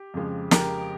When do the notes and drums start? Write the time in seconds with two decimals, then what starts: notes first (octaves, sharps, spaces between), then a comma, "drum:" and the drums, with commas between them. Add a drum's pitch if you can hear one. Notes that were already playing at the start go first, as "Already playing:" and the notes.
Already playing: G4
0.14 F2 C#3 F3 G#3
0.51 G4 A#4, drum: snare